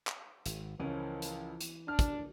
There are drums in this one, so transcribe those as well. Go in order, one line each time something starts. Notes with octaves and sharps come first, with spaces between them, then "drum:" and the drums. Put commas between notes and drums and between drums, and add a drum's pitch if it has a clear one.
drum: clap
G#1, drum: hi-hat
C#2 E3 F3 C#4 A#4
drum: hi-hat
drum: hi-hat
D4 F6
drum: kick, hi-hat